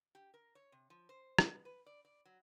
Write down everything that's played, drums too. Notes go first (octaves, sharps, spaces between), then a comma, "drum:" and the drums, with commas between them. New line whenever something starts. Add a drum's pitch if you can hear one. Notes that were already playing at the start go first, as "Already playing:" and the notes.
G4
A#4
C#5
C3
F3
C5
B3, drum: rim click
B4
D5
D5
F#3